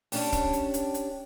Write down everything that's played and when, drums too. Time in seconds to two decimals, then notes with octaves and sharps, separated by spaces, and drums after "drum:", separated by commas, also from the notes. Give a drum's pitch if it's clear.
0.12 C#4 D4 G4, drum: open hi-hat
0.33 drum: kick, hi-hat
0.53 drum: hi-hat
0.74 drum: hi-hat
0.94 drum: hi-hat